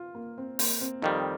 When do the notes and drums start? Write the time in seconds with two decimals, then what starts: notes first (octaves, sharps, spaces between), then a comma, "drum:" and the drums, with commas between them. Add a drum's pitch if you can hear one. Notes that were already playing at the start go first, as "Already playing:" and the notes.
Already playing: F4
0.15 A#3
0.38 C4
0.59 A#3, drum: open hi-hat
0.81 C4
1.02 F2 D#3 G3 D#4